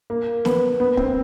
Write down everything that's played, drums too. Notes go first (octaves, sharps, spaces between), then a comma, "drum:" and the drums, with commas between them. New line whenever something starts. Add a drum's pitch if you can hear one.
A#3
B3, drum: snare
B3
C4, drum: kick